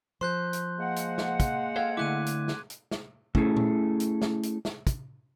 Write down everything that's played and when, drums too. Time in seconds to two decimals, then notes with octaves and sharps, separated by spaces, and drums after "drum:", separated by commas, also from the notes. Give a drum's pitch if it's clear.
0.21 F3 C5 C6 F#6 G6
0.53 drum: hi-hat
0.79 G#3 A#3 F#5
0.96 drum: hi-hat
1.18 drum: snare
1.40 drum: kick, hi-hat
1.76 A4 C5 F5 G5 G#6
1.97 D3 A3 E4 D6 F#6 D#7
2.26 drum: hi-hat
2.48 drum: snare
2.70 drum: hi-hat
2.91 drum: snare
3.35 A3 C#4 E4 G#4 A4, drum: kick
3.57 drum: tom A#2
4.00 drum: hi-hat
4.22 drum: snare
4.43 drum: hi-hat
4.65 drum: snare
4.87 drum: kick, hi-hat